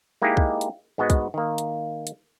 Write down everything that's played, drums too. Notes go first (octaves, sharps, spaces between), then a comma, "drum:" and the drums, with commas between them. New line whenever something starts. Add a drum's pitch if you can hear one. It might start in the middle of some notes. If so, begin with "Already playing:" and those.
G#3 A#3 D#4 E4 G4 G#4
drum: kick
drum: hi-hat
G#2 G#3 B3 F#4 D#5
drum: kick, hi-hat
D#3 A#3
drum: hi-hat
drum: hi-hat